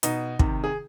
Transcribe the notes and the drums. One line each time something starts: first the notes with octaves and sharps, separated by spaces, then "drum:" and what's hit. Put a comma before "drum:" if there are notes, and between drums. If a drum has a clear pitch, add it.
B2 D#4, drum: hi-hat
C3 D#3, drum: kick
G#4